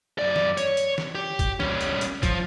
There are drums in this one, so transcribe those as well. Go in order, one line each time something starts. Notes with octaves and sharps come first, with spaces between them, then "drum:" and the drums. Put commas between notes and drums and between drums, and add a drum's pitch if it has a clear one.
F#2 D5
drum: snare
C#5, drum: hi-hat
drum: hi-hat
drum: snare
G4
drum: kick, hi-hat
G3 C#4, drum: snare
drum: hi-hat
drum: hi-hat
F3, drum: kick, hi-hat